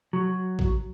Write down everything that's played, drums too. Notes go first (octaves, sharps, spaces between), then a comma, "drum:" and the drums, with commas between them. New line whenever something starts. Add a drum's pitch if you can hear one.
F#3
drum: kick A1